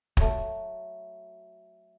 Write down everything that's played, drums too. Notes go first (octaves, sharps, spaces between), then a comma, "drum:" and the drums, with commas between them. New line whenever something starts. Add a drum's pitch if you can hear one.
F#3 A3, drum: kick